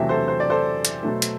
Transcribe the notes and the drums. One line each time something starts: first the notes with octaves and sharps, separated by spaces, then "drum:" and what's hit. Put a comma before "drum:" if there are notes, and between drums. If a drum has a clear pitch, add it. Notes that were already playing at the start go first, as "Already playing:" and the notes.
Already playing: E2 C3 F#3 A3 E5 G5
A4 C5
C5
D5
A4 C5
drum: hi-hat
B2 F#3 A3
drum: hi-hat